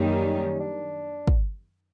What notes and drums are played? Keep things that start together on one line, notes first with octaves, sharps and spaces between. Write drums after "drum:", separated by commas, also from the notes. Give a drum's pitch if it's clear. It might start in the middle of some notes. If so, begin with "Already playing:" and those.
Already playing: F#2 D#3 G3 A#3 C#4 D#4
D4
drum: kick